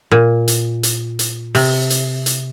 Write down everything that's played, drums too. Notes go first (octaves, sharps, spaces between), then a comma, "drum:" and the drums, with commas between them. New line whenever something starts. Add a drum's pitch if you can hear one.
A#2
drum: hi-hat
drum: hi-hat
drum: hi-hat
C3, drum: open hi-hat
drum: hi-hat
drum: hi-hat